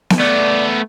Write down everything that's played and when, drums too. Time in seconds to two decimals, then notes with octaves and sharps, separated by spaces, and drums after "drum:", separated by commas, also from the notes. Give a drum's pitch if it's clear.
0.10 drum: snare B3
0.20 A3 B3 D5